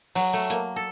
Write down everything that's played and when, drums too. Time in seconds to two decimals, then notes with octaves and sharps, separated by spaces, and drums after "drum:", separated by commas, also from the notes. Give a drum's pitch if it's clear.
0.15 F#3, drum: open hi-hat
0.33 A3
0.50 A#3, drum: hi-hat
0.76 A4